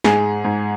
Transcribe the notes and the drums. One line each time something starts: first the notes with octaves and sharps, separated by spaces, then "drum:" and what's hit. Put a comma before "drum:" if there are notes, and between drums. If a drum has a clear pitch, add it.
G#2 G#4, drum: snare
G#2